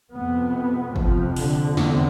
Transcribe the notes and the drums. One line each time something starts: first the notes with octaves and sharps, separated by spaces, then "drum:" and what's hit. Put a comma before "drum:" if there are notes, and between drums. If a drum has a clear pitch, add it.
F2 C3 B3
F2 C3 F3, drum: kick
D3, drum: open hi-hat
E2 C3, drum: snare